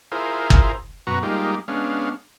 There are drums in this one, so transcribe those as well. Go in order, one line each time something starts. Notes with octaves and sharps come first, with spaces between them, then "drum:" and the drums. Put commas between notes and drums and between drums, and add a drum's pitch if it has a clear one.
E4 F4 G#4 A#4 C5
drum: kick
F#2 B2 F#4 B4 A#5 C#6
G3 G#3 A#3 D#4 F4 G4
G#3 B3 C#4 D4 F5